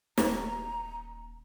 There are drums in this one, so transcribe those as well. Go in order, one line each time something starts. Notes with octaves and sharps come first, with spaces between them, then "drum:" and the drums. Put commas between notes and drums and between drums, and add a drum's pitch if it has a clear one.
D#1 A#5, drum: snare